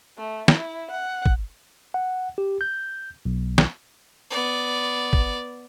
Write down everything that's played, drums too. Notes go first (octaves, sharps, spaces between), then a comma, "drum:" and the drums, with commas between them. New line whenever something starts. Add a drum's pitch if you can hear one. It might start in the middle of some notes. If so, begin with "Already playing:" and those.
A3
E4, drum: snare
F#5
drum: kick
F#5
G4
G6
B1
drum: snare
B3 D5
drum: kick